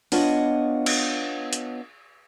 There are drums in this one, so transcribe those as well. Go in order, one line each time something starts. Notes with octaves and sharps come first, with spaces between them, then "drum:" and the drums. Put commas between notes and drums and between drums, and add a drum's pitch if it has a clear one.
B3 D4 F4 C#5 D#5, drum: open hi-hat
drum: cymbal
drum: hi-hat